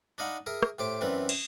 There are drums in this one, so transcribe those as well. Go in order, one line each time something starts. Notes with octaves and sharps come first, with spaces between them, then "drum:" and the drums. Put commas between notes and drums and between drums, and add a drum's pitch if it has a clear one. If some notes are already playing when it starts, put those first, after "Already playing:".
D4 D#4 D#5 F5 F#5 B5
G#4 A#4 E5
drum: rim click
A2 G4 C5 D6
F#2 E3 C4 D4 B4
drum: cymbal